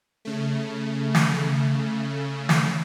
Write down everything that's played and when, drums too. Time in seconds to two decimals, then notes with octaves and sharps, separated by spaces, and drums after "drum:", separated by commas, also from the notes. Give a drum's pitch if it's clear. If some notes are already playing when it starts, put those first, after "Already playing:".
0.25 C#3 A3
1.15 drum: snare
2.49 drum: snare